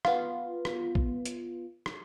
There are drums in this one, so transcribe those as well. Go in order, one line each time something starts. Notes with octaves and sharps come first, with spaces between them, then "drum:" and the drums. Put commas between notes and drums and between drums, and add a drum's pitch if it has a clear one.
B3 F4, drum: rim click
drum: rim click
drum: kick A#1
drum: hi-hat
drum: rim click